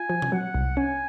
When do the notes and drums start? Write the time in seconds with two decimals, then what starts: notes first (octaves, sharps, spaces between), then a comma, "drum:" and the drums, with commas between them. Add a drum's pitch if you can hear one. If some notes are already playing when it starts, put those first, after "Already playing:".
Already playing: F4 G#5
0.10 F3
0.22 drum: tom B2
0.32 F#3 F#5
0.54 C2
0.77 C#4 G#5